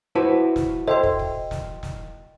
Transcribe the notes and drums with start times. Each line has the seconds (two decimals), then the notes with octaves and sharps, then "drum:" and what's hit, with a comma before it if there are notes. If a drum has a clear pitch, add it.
0.15 E4 F#4 B4 C5 A5
0.56 drum: snare
0.88 A4 C5 D#5 E5 G5 C6
1.03 drum: kick
1.19 drum: kick
1.51 drum: snare
1.83 drum: snare